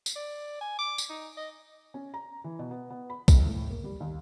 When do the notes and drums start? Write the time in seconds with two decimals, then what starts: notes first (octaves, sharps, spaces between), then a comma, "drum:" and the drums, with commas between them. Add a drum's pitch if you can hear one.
0.06 drum: tambourine
0.16 D5
0.61 G#5
0.79 D6
0.98 drum: tambourine
1.10 D#4
1.37 D#5
1.94 C#4
2.14 A#5
2.44 E3
2.59 B2
2.71 B3
2.90 B3
3.10 B5
3.28 C#2, drum: kick B1, tambourine
3.44 A2
3.70 A#3
3.84 G3
4.00 D#2